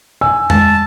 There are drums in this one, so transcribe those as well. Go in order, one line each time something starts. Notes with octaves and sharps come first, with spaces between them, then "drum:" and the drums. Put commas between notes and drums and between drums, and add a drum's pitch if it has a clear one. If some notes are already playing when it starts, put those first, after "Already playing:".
G#5 E6
G#3 A5, drum: tom F2